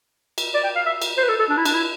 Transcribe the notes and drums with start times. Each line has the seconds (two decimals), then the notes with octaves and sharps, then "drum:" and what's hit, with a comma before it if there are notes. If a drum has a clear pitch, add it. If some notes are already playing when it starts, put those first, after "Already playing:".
0.38 drum: cymbal
0.54 D5
0.64 G5
0.75 F5
0.86 E5
1.02 drum: cymbal
1.17 C5
1.23 B4
1.28 A4
1.39 A4
1.49 D4
1.58 E4
1.65 D4, drum: cymbal
1.74 E4